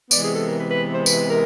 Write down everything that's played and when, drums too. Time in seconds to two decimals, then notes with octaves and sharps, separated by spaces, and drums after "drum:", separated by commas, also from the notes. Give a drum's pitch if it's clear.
0.11 C3 E3 G#3 B3 D5, drum: tambourine
0.23 G#4
0.35 A4
0.47 A#4
0.58 B4
0.71 B4
0.94 C5
1.06 B4, drum: tambourine
1.30 A#4